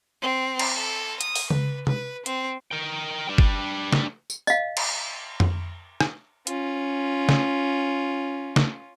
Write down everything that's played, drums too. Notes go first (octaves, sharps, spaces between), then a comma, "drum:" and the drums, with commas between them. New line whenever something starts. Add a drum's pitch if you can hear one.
C4
drum: cymbal
A4
D#6, drum: hi-hat
drum: open hi-hat
B4, drum: tom C#3
B4, drum: tom C3
C4, drum: hi-hat
A#4 G5
G3 D4
drum: kick
drum: snare
drum: tambourine
D#5 F5, drum: tambourine
drum: cymbal
drum: tom F2
drum: rim click
C#4 F4, drum: hi-hat
drum: snare
drum: snare